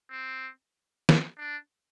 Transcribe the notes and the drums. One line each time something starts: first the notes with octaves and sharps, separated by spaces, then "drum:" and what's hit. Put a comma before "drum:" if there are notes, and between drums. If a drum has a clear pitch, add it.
C4
drum: snare
D4